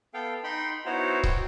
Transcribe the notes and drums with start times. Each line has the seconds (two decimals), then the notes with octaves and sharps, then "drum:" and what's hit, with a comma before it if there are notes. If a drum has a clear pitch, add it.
0.14 B3 A4 F5 G5
0.44 D#4 G5 B5 C6
0.86 B3 D#4 E4 F#4 C5 C#5
1.23 F#4 G5, drum: kick C#1